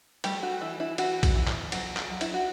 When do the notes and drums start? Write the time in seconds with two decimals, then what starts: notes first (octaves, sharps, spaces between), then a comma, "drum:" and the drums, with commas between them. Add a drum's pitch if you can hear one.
0.24 G3 A3 G4, drum: cymbal
0.43 F#4
0.61 E3 E4
0.80 E4
0.98 E3 F#4, drum: cymbal
1.23 drum: kick A#1, cymbal
1.35 E3
1.48 drum: clap
1.72 F#3, drum: cymbal
1.97 drum: clap
2.10 F#3
2.21 E4, drum: cymbal
2.34 F#4